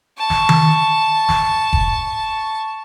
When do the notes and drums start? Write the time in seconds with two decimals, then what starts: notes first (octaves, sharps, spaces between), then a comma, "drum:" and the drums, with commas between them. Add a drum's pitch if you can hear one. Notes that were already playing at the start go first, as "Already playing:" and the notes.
0.18 A5 C#6
0.30 drum: snare
0.49 drum: tom D#3
1.29 drum: snare
1.73 drum: kick F1